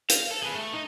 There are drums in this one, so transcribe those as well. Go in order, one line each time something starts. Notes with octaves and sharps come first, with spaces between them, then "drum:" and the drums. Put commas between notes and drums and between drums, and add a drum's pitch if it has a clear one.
F5, drum: hi-hat
A4
G#4 B4
A3
D#4